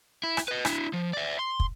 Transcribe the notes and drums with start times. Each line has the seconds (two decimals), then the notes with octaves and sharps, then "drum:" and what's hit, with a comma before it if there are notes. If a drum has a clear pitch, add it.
0.23 E4
0.37 drum: rim click
0.48 B4 D#5
0.65 D4 E4, drum: rim click
0.93 F3
1.13 D5 E5
1.39 C6
1.60 drum: kick